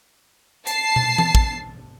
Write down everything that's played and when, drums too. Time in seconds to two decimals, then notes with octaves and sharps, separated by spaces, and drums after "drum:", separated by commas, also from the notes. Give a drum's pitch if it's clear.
0.67 A5 C7, drum: hi-hat
0.96 drum: tom
1.18 drum: tom E3
1.35 drum: kick